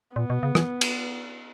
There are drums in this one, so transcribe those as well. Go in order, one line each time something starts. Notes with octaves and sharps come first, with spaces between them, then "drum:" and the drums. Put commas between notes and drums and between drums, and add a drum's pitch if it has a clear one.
A#2 B3
B2
C#3
E3, drum: rim click
drum: cymbal